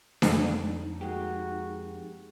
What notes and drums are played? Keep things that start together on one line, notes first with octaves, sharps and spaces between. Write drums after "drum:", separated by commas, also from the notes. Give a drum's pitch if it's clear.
F2 D#4 A4, drum: snare D4
G#3 A#3 F#4 G4